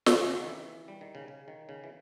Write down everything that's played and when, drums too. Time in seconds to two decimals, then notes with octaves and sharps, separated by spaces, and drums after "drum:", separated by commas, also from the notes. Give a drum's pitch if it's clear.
0.06 C#3, drum: snare
0.20 C#3
0.33 D#3
0.47 E3
0.88 G3
1.01 D#3
1.15 C#3
1.28 C#3
1.48 D#3
1.69 C#3
1.84 E3